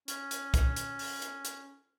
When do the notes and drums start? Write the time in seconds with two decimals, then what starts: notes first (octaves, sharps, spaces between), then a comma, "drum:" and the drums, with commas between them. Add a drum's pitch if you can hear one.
0.08 C#4, drum: hi-hat
0.31 drum: hi-hat
0.54 drum: kick, hi-hat
0.76 drum: hi-hat
0.99 drum: open hi-hat
1.22 drum: hi-hat
1.45 drum: hi-hat